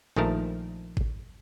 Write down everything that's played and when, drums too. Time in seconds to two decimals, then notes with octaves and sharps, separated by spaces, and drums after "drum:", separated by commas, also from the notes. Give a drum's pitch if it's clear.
0.16 A#1 D#3 F3 A3 A#4 A5
0.97 drum: kick G#1